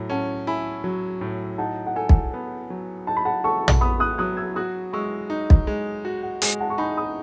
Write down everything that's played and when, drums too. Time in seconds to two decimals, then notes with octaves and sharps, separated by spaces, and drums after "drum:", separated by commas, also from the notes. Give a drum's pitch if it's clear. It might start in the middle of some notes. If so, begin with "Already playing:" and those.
Already playing: A2 F#3
0.10 C#4 F#5 A5
0.47 E4 G#5 B5
0.84 F#3
1.21 A2
1.58 D#4 F#5 A5
1.87 F#5
1.96 A4 G#5
2.09 drum: kick
2.34 B3
2.70 F#3
3.07 D#4 A5
3.17 B5
3.25 F#5 A5
3.44 A4 A5 C#6
3.68 drum: tom A#1
3.81 B3 B5 D#6
4.00 D#6 F#6
4.18 F#3 D#6 F#6
4.37 E6 G#6
4.56 F#4 D#6 F#6
4.93 G#3 C#6 E6
5.30 D#4
5.50 drum: kick
5.67 G#3
6.05 F#4
6.23 F#5
6.42 G#3 G#5, drum: hi-hat
6.60 F#5 A5
6.70 C#6
6.78 D#4 G#5 B5
6.97 B5 D#6